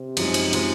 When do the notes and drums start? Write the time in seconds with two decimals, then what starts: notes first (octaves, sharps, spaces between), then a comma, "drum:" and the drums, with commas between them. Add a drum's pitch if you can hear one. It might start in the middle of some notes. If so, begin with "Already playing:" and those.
Already playing: C3
0.17 F#2 F3 G#3 D#4, drum: cymbal
0.34 drum: cymbal
0.53 F3 G#3 D#4, drum: cymbal